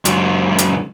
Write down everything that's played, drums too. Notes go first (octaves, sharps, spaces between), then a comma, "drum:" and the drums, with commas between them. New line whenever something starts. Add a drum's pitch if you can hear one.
C#2 F#2, drum: hi-hat
drum: hi-hat